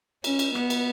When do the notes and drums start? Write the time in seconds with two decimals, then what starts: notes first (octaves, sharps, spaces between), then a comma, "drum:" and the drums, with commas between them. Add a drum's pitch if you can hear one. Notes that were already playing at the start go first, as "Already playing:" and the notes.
0.24 C#4, drum: cymbal
0.39 drum: cymbal
0.55 B3, drum: rim click
0.70 drum: cymbal